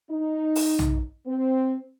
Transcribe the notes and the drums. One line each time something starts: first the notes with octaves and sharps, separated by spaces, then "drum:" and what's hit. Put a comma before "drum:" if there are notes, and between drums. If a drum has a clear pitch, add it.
D#4
drum: open hi-hat
drum: tom B1
C4